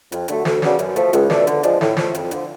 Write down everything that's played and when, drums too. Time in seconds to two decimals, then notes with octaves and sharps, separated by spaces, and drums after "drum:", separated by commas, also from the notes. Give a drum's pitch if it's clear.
0.12 F2, drum: hi-hat
0.28 D3 F#3 A3, drum: hi-hat
0.45 D2, drum: snare
0.62 C#3 F#3 B3 D4, drum: snare
0.79 F#2, drum: hi-hat
0.96 F3 A3, drum: hi-hat
1.13 C#2, drum: hi-hat
1.30 B2 A3 D4, drum: snare
1.47 D3, drum: hi-hat
1.63 F3 G#3 D4, drum: hi-hat
1.81 A2, drum: snare
1.97 F3 A3, drum: snare
2.15 F2, drum: hi-hat
2.31 D3 F3, drum: hi-hat